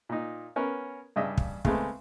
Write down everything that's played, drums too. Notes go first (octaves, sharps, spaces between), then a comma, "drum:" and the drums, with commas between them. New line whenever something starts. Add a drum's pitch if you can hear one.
A#2 D#4
B3 C#4 A#4
G2 C#3 D4 D#5 E5
drum: kick
C#3 G#3 A3 B3 C4, drum: kick